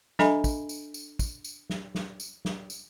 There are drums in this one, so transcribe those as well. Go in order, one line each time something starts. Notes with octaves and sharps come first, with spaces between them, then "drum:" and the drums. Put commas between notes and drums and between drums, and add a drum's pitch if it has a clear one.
D4 A4 D#5 E5 G#5 B5, drum: snare
drum: kick, tambourine
drum: tambourine
drum: tambourine
drum: kick, tambourine
drum: tambourine
drum: snare
drum: snare
drum: tambourine
drum: snare
drum: tambourine